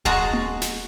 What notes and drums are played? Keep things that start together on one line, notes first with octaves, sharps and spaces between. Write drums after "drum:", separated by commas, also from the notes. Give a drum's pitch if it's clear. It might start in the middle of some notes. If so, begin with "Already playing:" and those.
G#3 F#4 A5 A#5, drum: kick D#1
drum: tom A#3
drum: snare